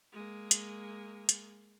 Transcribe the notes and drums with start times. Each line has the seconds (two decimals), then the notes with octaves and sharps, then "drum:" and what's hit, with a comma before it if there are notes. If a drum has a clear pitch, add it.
0.12 G#3 A#3
0.51 drum: hi-hat
1.29 drum: hi-hat